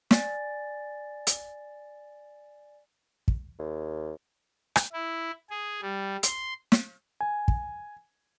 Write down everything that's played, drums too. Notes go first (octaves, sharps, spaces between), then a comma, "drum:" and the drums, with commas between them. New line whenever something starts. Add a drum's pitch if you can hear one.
D5 G#5 A6, drum: snare
drum: hi-hat
drum: kick
D#2
drum: rim click
E4
G#4
G3
C6, drum: hi-hat
drum: snare
G#5
drum: kick